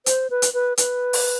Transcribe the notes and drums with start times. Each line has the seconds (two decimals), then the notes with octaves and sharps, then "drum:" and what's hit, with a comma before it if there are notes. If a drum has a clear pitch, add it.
0.06 C5, drum: hi-hat
0.30 B4
0.42 drum: hi-hat
0.54 B4
0.77 B4, drum: hi-hat
1.13 drum: open hi-hat